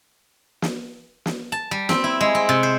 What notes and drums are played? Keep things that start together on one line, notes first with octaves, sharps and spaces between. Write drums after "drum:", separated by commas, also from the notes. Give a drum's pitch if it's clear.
drum: snare
drum: snare
A5
G3
C4, drum: snare
E4
G#3
C4
C3
C5